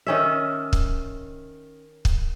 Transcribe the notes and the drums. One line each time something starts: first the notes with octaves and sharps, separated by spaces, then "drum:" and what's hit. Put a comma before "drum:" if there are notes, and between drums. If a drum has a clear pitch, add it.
D#3 C#4 E5
drum: kick
drum: kick